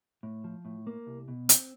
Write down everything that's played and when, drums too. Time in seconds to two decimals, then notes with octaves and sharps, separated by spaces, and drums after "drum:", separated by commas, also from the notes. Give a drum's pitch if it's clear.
0.23 A2
0.44 F3
0.65 A2
0.87 A#3
1.07 C2
1.28 B2
1.49 C4, drum: hi-hat